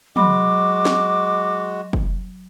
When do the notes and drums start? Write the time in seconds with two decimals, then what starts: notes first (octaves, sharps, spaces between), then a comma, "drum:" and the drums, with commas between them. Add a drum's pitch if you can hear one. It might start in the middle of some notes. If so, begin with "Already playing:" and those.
0.16 F#3 G#3 F#4 B5 D6, drum: tom
0.85 drum: snare
1.93 drum: kick